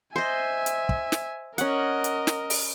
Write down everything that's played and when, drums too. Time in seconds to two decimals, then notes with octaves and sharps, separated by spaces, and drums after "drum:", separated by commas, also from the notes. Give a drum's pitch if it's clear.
0.16 C5 D#5 E5 G#5
0.66 drum: hi-hat
0.89 drum: kick
1.12 drum: snare
1.58 C#4 A#4 D#5 F#5, drum: hi-hat
2.04 drum: hi-hat
2.27 drum: snare
2.50 drum: open hi-hat